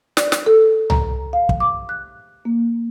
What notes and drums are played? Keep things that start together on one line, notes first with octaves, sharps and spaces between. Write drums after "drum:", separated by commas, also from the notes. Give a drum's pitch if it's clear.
D5, drum: snare
drum: snare
A4
A#5, drum: tom C2
F5
drum: kick
D6
F#6
A#3